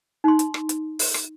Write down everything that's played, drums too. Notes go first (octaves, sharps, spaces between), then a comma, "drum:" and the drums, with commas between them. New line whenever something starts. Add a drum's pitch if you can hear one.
D#4 C6
drum: hi-hat
drum: rim click
drum: hi-hat
drum: open hi-hat
drum: rim click